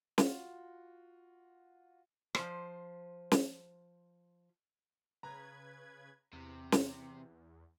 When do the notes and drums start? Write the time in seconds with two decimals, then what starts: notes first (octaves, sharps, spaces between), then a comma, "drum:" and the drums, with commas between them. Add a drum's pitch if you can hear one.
0.18 F4 F#4, drum: snare
2.35 F3 C5, drum: rim click
3.32 drum: snare
5.23 C#3 B4 A#5 G#6
6.33 E2 C3
6.72 drum: snare